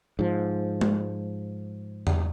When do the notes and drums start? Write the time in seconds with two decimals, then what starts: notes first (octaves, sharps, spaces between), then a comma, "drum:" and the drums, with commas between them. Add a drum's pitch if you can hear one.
0.19 G#2 F3
0.81 drum: tom G#3
2.07 drum: tom E2